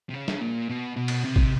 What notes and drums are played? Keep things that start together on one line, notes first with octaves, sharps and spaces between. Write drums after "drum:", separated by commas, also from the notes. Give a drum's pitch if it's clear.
C3
C#3
drum: snare
A#2
B2
B2
drum: cymbal
C3
drum: kick